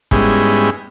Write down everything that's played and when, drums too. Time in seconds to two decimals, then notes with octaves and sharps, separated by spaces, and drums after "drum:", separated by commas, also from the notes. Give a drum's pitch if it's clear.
0.11 G#2 G3 G#3 B3 C#4 E4, drum: kick